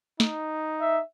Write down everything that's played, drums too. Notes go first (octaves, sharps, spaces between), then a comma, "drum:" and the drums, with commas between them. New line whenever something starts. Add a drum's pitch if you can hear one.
D#4, drum: snare
E5